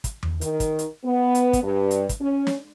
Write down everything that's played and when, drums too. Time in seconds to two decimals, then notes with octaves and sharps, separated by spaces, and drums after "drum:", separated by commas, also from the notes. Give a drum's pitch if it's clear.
0.04 drum: kick, hi-hat
0.23 drum: tom E2
0.41 D#3, drum: hi-hat
0.60 drum: kick, hi-hat
0.79 drum: hi-hat
1.05 B3
1.35 drum: hi-hat
1.53 drum: kick, hi-hat
1.63 G2
1.91 drum: hi-hat
2.09 drum: kick, hi-hat
2.21 C#4
2.47 drum: snare